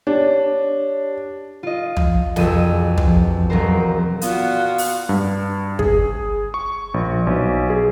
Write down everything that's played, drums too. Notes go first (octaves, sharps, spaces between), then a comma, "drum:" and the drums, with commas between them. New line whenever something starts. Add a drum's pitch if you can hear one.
D4 G4 C#5
F4 D#5
drum: tom
E1 F2 G#4 D#6 E6, drum: snare
drum: tom
E1 F#3 A#4 C5
A#2 B3 F4 F#4, drum: hi-hat
drum: open hi-hat
G2
G#4, drum: kick
C#6
A#1
B1
G#4